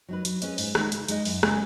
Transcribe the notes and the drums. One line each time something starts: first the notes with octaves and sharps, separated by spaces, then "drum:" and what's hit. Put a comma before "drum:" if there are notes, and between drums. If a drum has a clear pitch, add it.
F#3 D#4 B4
F#3, drum: hi-hat
C#4 G#4 B4 D#5, drum: hi-hat
G#2, drum: open hi-hat
D#3 G#3 D#4, drum: rim click
C#3, drum: hi-hat
G#3 D#4 B4 D#5, drum: hi-hat
F#2, drum: open hi-hat
C#3 G#3 C#4 G#4, drum: rim click